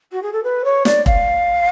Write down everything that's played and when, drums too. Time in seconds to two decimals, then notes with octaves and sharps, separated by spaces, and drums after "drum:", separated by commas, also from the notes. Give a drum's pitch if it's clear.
0.12 F#4
0.22 G#4
0.32 A4
0.43 B4
0.64 C#5
0.85 D5, drum: snare
1.06 F5, drum: kick